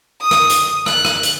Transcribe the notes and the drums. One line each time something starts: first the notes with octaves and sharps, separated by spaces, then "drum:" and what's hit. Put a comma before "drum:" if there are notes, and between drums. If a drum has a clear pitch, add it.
D#6
drum: rim click
drum: hi-hat
F#6, drum: rim click
drum: rim click
drum: hi-hat